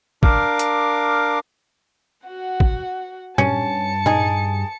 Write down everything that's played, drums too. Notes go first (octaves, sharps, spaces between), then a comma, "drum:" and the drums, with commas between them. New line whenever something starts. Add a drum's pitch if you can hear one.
D4 A#4 F5 D6, drum: kick
drum: hi-hat
F#4 F#5
drum: kick
G2 C#4 A5 C#7, drum: tom A#2
D#4 G#4, drum: tom A#2